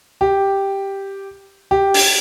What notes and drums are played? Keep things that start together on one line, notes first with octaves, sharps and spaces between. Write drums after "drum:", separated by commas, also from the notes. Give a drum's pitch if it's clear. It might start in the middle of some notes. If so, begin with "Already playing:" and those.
G4
G4
drum: open hi-hat